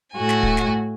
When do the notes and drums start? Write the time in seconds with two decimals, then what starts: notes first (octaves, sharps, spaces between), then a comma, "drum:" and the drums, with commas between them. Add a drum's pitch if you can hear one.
0.15 A2 A3 F#4 G#5
0.29 drum: snare
0.43 drum: kick
0.57 drum: snare